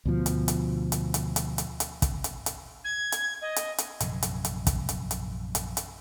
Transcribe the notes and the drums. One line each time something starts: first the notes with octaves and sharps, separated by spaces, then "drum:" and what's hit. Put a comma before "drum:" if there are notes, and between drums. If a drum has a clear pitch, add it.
D2 B2 F3
drum: hi-hat
drum: hi-hat
drum: hi-hat
drum: hi-hat
drum: hi-hat
drum: hi-hat
drum: hi-hat
drum: kick, hi-hat
drum: hi-hat
drum: hi-hat
G#6
drum: hi-hat
D#5
drum: hi-hat
drum: hi-hat
A#1 F#2 C3 D#3, drum: hi-hat
drum: hi-hat
drum: hi-hat
drum: kick, hi-hat
drum: hi-hat
drum: hi-hat
drum: hi-hat
drum: hi-hat